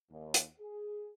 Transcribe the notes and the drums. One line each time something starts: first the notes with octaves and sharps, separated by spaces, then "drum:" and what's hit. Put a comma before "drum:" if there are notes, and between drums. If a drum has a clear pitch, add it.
D#2
drum: hi-hat
G#4